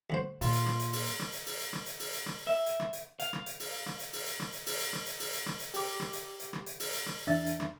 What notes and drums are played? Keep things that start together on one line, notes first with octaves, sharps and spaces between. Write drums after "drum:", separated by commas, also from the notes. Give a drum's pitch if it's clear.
D2 F#4 C5
A#2 F4 C6, drum: open hi-hat
drum: hi-hat
drum: rim click
drum: hi-hat
drum: open hi-hat
drum: hi-hat
drum: rim click
drum: hi-hat
drum: open hi-hat
drum: hi-hat
drum: rim click
drum: hi-hat
drum: open hi-hat
drum: hi-hat
drum: rim click
E5
drum: hi-hat
drum: rim click
drum: hi-hat
F5, drum: hi-hat
drum: rim click
drum: hi-hat
drum: open hi-hat
drum: rim click
drum: hi-hat
drum: open hi-hat
drum: hi-hat
drum: rim click
drum: hi-hat
drum: open hi-hat
drum: hi-hat
drum: rim click
drum: hi-hat
drum: open hi-hat
drum: hi-hat
drum: rim click
drum: hi-hat
G4 D6, drum: open hi-hat
drum: rim click
drum: hi-hat
drum: hi-hat
drum: rim click
drum: hi-hat
drum: open hi-hat
drum: hi-hat
drum: rim click
E2 D4 E5 A6
drum: hi-hat
drum: rim click